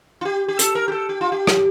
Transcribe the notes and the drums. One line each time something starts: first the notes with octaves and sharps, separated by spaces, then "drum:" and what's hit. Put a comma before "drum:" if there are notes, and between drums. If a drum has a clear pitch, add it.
F4
G4
G4
A4, drum: hi-hat
A#4
G4
A4
G4
F4
G4
drum: rim click